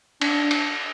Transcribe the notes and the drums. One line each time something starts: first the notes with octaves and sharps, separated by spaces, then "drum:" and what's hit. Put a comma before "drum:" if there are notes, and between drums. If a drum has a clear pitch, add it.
D4, drum: cymbal
drum: cymbal